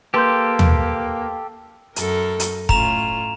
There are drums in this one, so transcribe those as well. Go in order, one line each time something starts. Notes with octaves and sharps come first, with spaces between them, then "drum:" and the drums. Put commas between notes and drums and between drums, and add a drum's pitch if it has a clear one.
A#3 G4 A4 B4 C6 G6
drum: tom
F#2 A4 A#4, drum: hi-hat
drum: hi-hat
A2 C#4 F4 A#5 E7 F7, drum: kick